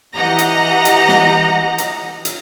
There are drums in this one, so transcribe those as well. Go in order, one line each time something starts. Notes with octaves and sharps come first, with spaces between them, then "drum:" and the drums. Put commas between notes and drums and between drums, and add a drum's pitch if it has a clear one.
E3 G4 D#5 F#5 A#5 A#6
drum: hi-hat
drum: hi-hat
drum: snare
drum: hi-hat
drum: hi-hat